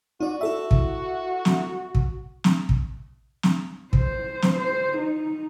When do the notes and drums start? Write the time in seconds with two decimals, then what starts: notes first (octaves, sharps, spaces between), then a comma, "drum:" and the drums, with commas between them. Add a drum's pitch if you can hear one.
0.20 D#4 F#4 D5
0.41 E4 A4 E5
0.71 drum: kick
1.45 drum: snare
1.95 drum: kick
2.44 drum: snare
2.69 drum: kick
3.43 drum: snare
3.93 C5, drum: kick
4.42 drum: snare
4.58 C5
4.96 D#4